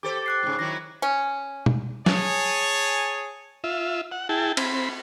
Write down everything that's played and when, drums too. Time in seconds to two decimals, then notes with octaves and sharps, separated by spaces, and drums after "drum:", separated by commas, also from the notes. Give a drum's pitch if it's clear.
0.03 G4 A4 C5 D6
0.26 D6 F#6 C7
0.43 G#2 C#3
0.59 D#3 F#3 E4 A#6
1.02 C#4
1.66 drum: tom B2
2.06 G#4 C#5 G#5 A5, drum: snare F#3
3.64 F4 E5
4.12 F#5
4.29 E4 G#4 G5 A5
4.57 C4 B5, drum: cymbal